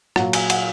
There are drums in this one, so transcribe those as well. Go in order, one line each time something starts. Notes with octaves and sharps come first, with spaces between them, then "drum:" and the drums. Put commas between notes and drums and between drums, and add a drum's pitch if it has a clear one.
A#2 F#3 F#5, drum: rim click
G#5, drum: cymbal
F#5, drum: cymbal